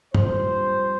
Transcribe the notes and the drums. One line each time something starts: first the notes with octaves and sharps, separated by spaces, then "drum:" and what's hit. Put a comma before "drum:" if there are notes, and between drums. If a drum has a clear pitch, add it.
G2 F3 C4 C5, drum: tom